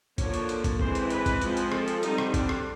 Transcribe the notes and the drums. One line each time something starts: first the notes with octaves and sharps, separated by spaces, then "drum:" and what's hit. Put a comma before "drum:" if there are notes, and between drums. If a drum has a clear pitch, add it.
D3 F3 A#3 D4 C#5, drum: kick, hi-hat
drum: hi-hat
drum: hi-hat
drum: kick, hi-hat
E3 G#3 C4 C5, drum: kick
drum: hi-hat
B4, drum: hi-hat
drum: kick, hi-hat
F3 G#3 C4, drum: hi-hat
drum: hi-hat
A4, drum: rim click
drum: hi-hat
D3 G3 C4 D#4, drum: hi-hat
drum: rim click
D4, drum: kick, hi-hat
drum: rim click